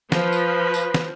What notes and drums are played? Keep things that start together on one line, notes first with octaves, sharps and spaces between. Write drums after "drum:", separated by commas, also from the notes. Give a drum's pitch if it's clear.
F3 B4, drum: snare
drum: tambourine
drum: tambourine
drum: snare